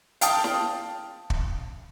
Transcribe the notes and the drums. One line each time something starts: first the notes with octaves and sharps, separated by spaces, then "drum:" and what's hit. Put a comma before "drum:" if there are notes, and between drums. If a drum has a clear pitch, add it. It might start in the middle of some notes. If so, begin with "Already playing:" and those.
F5 G5 A5 D#6, drum: hi-hat
drum: snare
drum: kick